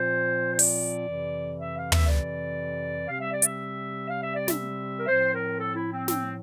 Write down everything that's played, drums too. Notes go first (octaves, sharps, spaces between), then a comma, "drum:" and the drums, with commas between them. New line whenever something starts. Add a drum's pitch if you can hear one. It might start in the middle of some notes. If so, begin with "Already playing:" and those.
Already playing: A#2 F3 C4 C5
C5
D5, drum: open hi-hat
F2 C3 E3
E5
F5
E5, drum: tom
D5
C3 G3 C4 F5
E5
D5
E5, drum: hi-hat
F5
E5
D5
E5, drum: snare
A#4
A2 F3 C4 C5
A#4
A4
E4
C4
C4, drum: snare